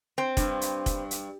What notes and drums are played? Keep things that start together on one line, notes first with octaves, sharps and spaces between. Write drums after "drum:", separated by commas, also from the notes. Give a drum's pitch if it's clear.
C4
G2, drum: kick F1, hi-hat
drum: hi-hat
drum: kick F1, hi-hat
drum: hi-hat